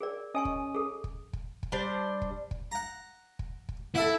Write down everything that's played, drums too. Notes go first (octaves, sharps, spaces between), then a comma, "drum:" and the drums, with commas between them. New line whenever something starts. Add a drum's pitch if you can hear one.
G#4 A#4 D5
C#4 D#5 G#5 C#6 D#6
drum: kick
G#4 A4
drum: kick
drum: kick
drum: kick
G3 D4 C5
drum: kick
drum: kick
F#5 A#5
drum: kick
drum: kick
E4 A4 E5 F#5